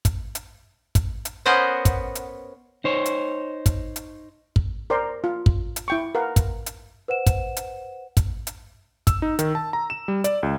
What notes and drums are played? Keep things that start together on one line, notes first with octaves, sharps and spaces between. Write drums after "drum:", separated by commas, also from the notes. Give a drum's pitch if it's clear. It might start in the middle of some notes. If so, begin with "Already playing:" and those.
drum: kick, hi-hat
drum: hi-hat
drum: kick, hi-hat
drum: hi-hat
B3 C#4 A#4 C5 D#5 F#5
drum: kick, hi-hat
drum: hi-hat
D#4 C5 C#5
drum: hi-hat
drum: kick, hi-hat
drum: hi-hat
drum: kick
A#4 C5 D5 G5 A#5 C6
F4
drum: kick
drum: hi-hat
E4 G5 C#6
A#4 B4 F5 F#5
drum: kick, hi-hat
drum: hi-hat
B4 C5 F#5 E7
drum: kick, hi-hat
drum: hi-hat
drum: kick, hi-hat
drum: hi-hat
E6, drum: kick, hi-hat
D#4
D#3, drum: hi-hat
A5
A#5
E7
G3
D5, drum: hi-hat
C#2